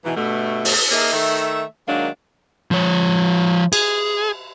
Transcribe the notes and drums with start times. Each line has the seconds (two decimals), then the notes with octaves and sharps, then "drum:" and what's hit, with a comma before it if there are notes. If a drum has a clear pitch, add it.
0.05 G#2 B2 E3
0.17 G2 B2 A3
0.65 drum: open hi-hat
0.91 A#3 D#4 G#4 A#4 E5
1.13 D#3 A3 E5
1.88 D#3 F#3 G#3 A#3 D4
2.71 F3 C#5
3.73 G#4, drum: cymbal